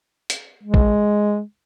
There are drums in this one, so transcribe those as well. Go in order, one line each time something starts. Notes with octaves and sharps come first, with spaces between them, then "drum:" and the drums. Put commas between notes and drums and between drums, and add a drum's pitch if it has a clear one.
drum: hi-hat
G#3
drum: kick